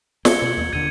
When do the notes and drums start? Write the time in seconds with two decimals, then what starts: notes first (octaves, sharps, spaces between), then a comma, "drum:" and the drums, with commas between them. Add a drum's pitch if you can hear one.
0.25 A#3 G#6 C#7 G7, drum: snare
0.42 B2 G#6 F#7
0.57 D#2 A#3
0.73 D#2 D3 A#3 G#6 C#7 D#7